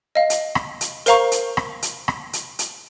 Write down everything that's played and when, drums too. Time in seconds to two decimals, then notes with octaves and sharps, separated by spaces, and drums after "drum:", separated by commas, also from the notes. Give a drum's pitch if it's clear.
0.15 D#5 F5
0.30 drum: hi-hat
0.55 drum: rim click
0.81 drum: hi-hat
1.06 A#4 C5 F5 A#5 C#6, drum: hi-hat
1.32 drum: hi-hat
1.57 drum: rim click
1.82 drum: hi-hat
2.08 drum: rim click
2.33 drum: hi-hat
2.59 drum: hi-hat